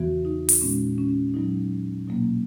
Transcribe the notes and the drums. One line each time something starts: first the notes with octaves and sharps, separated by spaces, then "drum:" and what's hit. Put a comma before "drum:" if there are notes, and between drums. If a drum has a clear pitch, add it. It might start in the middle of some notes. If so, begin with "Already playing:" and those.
Already playing: E2 C#3 E3 B3 F#4
D#4
drum: open hi-hat
A#2 G#3 B3 C#4
C#4
A#2 F#3 B3 D#4
B2 F#3 A#3